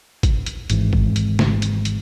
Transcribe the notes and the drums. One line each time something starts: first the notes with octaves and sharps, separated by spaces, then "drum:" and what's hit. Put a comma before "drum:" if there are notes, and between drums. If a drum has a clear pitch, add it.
drum: kick, hi-hat
drum: hi-hat
G#1 G#2 E3, drum: hi-hat
drum: kick
drum: hi-hat
drum: snare
drum: hi-hat
drum: hi-hat